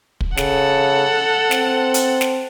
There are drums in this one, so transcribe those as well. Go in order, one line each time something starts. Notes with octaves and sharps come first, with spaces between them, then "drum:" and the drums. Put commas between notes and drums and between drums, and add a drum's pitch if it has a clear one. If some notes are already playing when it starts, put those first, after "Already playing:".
drum: kick
C#3 A4 F#5, drum: snare
C4, drum: snare
drum: hi-hat
drum: snare